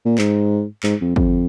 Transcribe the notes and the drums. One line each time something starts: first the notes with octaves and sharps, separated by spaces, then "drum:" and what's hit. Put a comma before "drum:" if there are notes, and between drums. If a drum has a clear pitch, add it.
A#2
G#2, drum: clap
G#2, drum: clap
F2
F2, drum: kick